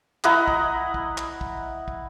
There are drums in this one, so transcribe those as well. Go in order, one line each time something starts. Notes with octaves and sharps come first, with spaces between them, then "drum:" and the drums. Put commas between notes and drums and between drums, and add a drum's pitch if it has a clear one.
E4 D#5 F#5 A#5, drum: clap
drum: kick
drum: kick
drum: clap
drum: kick
drum: kick